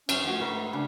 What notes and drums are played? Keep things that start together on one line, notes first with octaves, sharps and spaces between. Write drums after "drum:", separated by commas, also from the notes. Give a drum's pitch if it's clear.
F#2 C#4, drum: cymbal
F3 A3 C#4 F#4
G#2 B4
C#3 D4